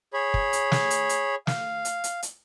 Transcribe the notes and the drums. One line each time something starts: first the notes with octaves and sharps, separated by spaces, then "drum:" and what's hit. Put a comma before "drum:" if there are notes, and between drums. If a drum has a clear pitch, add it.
G#4 C#5 B5
drum: kick
drum: hi-hat
drum: snare
drum: hi-hat
drum: hi-hat
F5, drum: snare
drum: hi-hat
drum: hi-hat
drum: hi-hat